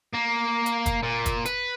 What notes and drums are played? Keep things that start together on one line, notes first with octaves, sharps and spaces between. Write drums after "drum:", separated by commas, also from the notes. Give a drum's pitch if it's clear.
A#3
drum: hi-hat
drum: kick, hi-hat
A#2
drum: kick, hi-hat
B4, drum: hi-hat